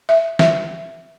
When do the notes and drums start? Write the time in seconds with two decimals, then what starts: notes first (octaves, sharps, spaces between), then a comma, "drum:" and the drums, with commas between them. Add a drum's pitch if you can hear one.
0.09 E5
0.39 E5, drum: snare